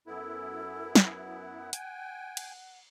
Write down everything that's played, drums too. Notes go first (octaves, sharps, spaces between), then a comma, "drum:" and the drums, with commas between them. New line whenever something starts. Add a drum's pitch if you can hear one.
F#2 B3 E4 A4
F#5, drum: snare
G5 G#5, drum: hi-hat
drum: cymbal